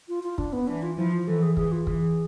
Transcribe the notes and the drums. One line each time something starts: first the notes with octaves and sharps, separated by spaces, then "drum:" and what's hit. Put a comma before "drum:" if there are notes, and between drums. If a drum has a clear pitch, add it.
F4
F4
D4, drum: kick
B3
E3 D4
F4
F3 E4
F4
E3 A4
G#4
E3 G#4, drum: kick
F4
E3 G#4, drum: kick